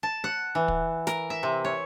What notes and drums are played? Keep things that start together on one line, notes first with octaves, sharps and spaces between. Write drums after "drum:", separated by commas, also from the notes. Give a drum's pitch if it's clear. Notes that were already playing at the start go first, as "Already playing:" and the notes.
A5
F#5
E3
drum: kick
A#4, drum: snare
E5
C3
C#5